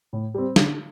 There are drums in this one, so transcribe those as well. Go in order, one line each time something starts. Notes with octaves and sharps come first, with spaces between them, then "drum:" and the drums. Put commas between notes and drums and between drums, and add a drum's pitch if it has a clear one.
A2
G3 C4
D3, drum: snare